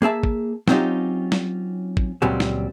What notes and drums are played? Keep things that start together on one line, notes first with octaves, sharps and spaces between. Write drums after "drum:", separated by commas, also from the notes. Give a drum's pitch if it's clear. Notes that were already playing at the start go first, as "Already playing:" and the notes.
A#3 G#4 E5 A5
drum: kick
F#3 C4 C#4 D#4 F4 G4, drum: snare
drum: snare
drum: kick
C#2 A#2 F#3 G3 C4
drum: snare